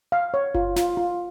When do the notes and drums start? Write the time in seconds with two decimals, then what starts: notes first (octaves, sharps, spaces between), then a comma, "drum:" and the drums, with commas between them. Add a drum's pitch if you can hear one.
0.12 F5
0.34 C#5
0.55 F4, drum: kick F#1
0.76 F4, drum: snare
0.97 F4